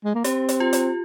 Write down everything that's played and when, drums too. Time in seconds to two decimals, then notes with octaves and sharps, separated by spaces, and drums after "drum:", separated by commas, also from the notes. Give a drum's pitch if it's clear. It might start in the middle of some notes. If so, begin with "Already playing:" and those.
0.04 G#3
0.15 A#3
0.24 C4 G4, drum: hi-hat
0.49 drum: hi-hat
0.60 F4
0.73 drum: hi-hat